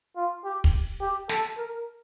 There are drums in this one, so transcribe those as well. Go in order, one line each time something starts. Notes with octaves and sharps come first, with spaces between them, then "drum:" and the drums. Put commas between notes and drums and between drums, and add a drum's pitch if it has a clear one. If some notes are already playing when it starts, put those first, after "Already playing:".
F4
G4
drum: kick
G4
A4, drum: snare
A#4